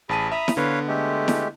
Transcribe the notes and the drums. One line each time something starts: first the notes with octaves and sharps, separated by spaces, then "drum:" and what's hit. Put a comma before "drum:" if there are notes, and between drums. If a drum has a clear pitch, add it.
A1 G#4 A5 B5 D#7
E5 A#5 B5 D#6
drum: snare E4
D3 B3 B4 C#5 F5
G#3 A3 G4
drum: snare E4